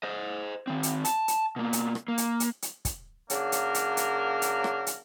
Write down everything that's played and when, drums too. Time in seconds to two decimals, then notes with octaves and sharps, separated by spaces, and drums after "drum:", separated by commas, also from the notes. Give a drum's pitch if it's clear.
0.03 C5 D#5
0.67 D#3 C4
0.83 drum: hi-hat
1.05 A5, drum: hi-hat
1.28 drum: hi-hat
1.56 B2 A#3
1.73 drum: hi-hat
1.95 drum: rim click
2.08 A#3
2.18 drum: hi-hat
2.40 drum: hi-hat
2.62 drum: hi-hat
2.85 drum: kick, hi-hat
3.30 C#3 F#3 A#3 D4 A#4, drum: hi-hat
3.52 drum: hi-hat
3.74 drum: hi-hat
3.97 drum: hi-hat
4.42 drum: hi-hat
4.64 drum: rim click
4.87 drum: hi-hat